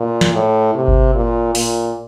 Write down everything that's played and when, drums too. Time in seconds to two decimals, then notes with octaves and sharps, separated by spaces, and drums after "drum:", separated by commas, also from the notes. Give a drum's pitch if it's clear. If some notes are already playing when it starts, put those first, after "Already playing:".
Already playing: A#2
0.21 drum: snare
0.34 A2
0.75 C3
0.88 drum: kick G#1
1.15 A#2
1.55 A#2, drum: open hi-hat